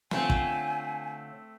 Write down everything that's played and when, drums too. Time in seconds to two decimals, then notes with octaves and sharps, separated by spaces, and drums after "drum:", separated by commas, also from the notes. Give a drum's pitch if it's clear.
0.11 D3 A3 C4 F4 C#5 G#5, drum: snare
0.30 drum: kick